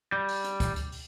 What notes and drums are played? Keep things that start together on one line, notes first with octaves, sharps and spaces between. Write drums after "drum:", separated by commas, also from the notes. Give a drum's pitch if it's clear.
G3
drum: open hi-hat
drum: hi-hat
drum: kick, hi-hat
drum: hi-hat
drum: open hi-hat